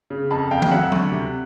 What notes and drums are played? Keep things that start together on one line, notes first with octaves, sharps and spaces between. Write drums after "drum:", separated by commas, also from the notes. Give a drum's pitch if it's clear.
C#3
F2 A5 B5
F2 F5 G5
drum: tom D#3
F#3 E5 F#5
D2, drum: tom F#3
C3